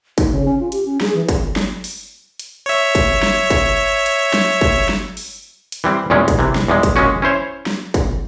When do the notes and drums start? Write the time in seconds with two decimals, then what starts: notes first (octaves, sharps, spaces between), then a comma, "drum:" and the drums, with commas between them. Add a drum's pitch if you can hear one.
0.18 D#4, drum: kick, hi-hat
0.31 C#3
0.45 C#4
0.60 F4
0.72 G4, drum: hi-hat
0.85 C#4
1.01 G#4, drum: snare
1.14 E3
1.29 drum: kick, hi-hat
1.56 drum: snare
1.84 drum: open hi-hat
2.39 drum: hi-hat
2.66 C#5 E5
2.95 drum: kick, hi-hat
3.23 drum: snare
3.50 drum: kick, hi-hat
4.06 drum: hi-hat
4.34 drum: snare
4.61 drum: kick
4.89 drum: snare
5.17 drum: open hi-hat
5.72 drum: hi-hat
5.84 E3 G3 C4
6.10 E2 A#2 G3 G#3 C#4
6.28 drum: kick, hi-hat
6.39 C3 E3
6.56 drum: snare
6.68 E2 G3 G#3
6.83 drum: kick, hi-hat
6.96 G#3 A#3 C#4 F#4
7.22 C#4 E4 C5 C#5
7.67 drum: snare
7.94 drum: kick, hi-hat